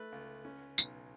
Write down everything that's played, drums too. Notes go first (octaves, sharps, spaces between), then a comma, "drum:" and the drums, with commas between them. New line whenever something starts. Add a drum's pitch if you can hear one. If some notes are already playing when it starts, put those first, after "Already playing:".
Already playing: A3 B4
C#2
C#4
B1, drum: tambourine